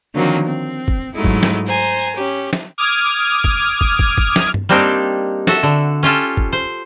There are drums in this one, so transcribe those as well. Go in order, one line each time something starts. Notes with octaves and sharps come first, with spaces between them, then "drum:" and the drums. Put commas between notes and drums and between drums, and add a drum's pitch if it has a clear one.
D3 D#3 F3 F#3 A#3 C4
C4
drum: kick
G#2 F#3 G#3 A3 D#4 E4
drum: kick
drum: snare
C5 G#5 A#5
C#4 G4
drum: snare
D6 D#6 F6 G#6
drum: kick
drum: kick
drum: kick
drum: kick
drum: snare
drum: tom G2
G3 A#3 C4 D4 D#4 G4
F#4 A4 E5, drum: snare
D3
C#4 F4 G4 A4
drum: kick
C5